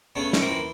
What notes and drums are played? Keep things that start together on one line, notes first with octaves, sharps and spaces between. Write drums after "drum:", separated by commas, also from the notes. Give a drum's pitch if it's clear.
C#3 A3 B3
F#2, drum: snare
A#3 C4
E3